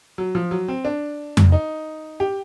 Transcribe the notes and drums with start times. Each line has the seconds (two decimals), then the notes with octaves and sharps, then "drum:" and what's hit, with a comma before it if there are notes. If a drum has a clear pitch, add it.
0.18 F#3
0.35 F3
0.51 F#3
0.68 C4
0.85 D4
1.37 drum: tom F2
1.52 D#4
2.20 G4